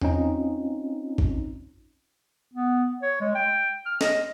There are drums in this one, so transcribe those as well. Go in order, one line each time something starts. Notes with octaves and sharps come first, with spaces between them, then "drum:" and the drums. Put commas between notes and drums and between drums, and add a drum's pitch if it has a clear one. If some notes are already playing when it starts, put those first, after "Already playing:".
C4 C#4 D#4 F4, drum: tom E2
drum: kick G#1
B3
C#5
G#3
G5
F6
D#5, drum: snare